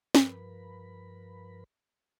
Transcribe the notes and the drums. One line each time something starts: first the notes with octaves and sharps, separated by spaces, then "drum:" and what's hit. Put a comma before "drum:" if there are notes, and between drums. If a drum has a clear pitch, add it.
G2 F3 A#4 B4 B5, drum: snare